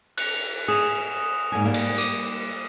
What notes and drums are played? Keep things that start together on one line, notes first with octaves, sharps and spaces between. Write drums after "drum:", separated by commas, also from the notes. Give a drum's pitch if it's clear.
F#6 C#7 F7, drum: cymbal
G#4 D#6 E7
G#2 A#3 G#5
G3 A#3
drum: cymbal
D6 D#7, drum: tambourine